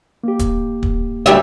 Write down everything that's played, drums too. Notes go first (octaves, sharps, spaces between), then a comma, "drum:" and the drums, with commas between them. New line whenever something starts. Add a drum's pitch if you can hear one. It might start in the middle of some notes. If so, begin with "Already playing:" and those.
A#3 G4
drum: kick, hi-hat
drum: kick
D2 G3 E5, drum: hi-hat